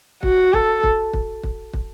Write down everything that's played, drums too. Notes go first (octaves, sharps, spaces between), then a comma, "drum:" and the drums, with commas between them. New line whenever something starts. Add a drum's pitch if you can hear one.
F#4, drum: kick
A4, drum: kick
drum: kick
drum: kick
drum: kick
drum: kick